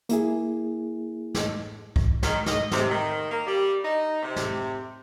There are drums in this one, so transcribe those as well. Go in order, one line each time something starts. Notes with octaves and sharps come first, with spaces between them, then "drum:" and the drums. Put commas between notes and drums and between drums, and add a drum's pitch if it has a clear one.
A#3 E4 G#4, drum: hi-hat
drum: snare
drum: kick
D#3, drum: snare
D#5, drum: snare
C3, drum: snare
D#3
A#3
G3
D#4
C3
drum: snare